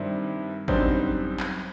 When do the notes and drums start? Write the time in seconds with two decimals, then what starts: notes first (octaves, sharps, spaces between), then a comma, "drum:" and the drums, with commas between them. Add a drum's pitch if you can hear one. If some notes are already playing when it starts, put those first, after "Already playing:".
Already playing: G2 D#3 G3 C4 E4
0.68 F#2 D3 G3 C4 D#4, drum: kick G#1
1.40 drum: clap